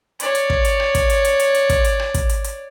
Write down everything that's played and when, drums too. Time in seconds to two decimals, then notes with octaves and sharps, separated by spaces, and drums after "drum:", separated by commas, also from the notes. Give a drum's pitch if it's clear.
0.20 C#5 D5, drum: hi-hat
0.35 drum: hi-hat
0.50 drum: kick
0.65 drum: hi-hat
0.80 drum: rim click
0.95 drum: kick, hi-hat
1.10 drum: hi-hat
1.25 drum: hi-hat
1.40 drum: hi-hat
1.55 drum: hi-hat
1.70 drum: kick, hi-hat
1.85 drum: hi-hat
1.99 drum: rim click
2.14 drum: kick, hi-hat
2.29 drum: hi-hat
2.44 drum: hi-hat